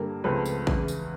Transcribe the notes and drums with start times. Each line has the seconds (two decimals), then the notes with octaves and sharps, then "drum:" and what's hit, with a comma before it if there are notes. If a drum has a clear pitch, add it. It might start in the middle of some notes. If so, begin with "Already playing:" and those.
Already playing: G2 D3 G3 A#3
0.24 C#2 C#3 F3 A3 C4 B4
0.46 drum: tambourine
0.67 E2 C#3 E3, drum: kick A1
0.88 drum: tambourine